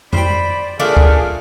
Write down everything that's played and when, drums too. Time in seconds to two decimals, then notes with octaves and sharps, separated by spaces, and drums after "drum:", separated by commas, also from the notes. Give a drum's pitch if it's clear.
0.13 C5 D5 G5 B5, drum: tom F2
0.80 A#2 A3 A#3 D4 G#4 D5 F5 F6
0.97 drum: kick D2